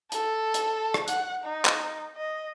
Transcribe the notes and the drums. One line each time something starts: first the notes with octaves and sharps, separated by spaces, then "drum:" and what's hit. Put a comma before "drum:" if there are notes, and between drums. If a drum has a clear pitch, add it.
A4, drum: hi-hat
drum: hi-hat
drum: rim click
F#5, drum: hi-hat
D#4
drum: clap
D#5